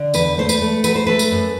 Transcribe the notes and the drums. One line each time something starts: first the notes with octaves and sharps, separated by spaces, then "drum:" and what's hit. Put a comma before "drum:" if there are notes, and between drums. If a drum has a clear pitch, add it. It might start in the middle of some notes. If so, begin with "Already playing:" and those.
Already playing: D3
E2 B4, drum: tambourine
A3 C5
B4, drum: tambourine
A3
F#3 B4, drum: tambourine
C5
A3 B4
drum: tambourine
F#2